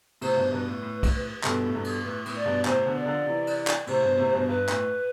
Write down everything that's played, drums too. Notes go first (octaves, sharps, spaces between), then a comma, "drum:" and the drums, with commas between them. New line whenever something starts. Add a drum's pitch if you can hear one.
A2 C3 C5, drum: cymbal
G2 B2
G2 B2 B4
A2
A2
drum: kick, cymbal
G2 B2 A4, drum: clap
A2
G2 B2
drum: cymbal
A2 B4
A2, drum: cymbal
D5
G2 B2
A2 C3 C5, drum: clap
B2 D3
D5
D3 F3
C3 E3
drum: cymbal
drum: clap
A2 C3 C5, drum: cymbal
G2 B2
A2 C3
G2 B2
G2 B4
A2, drum: clap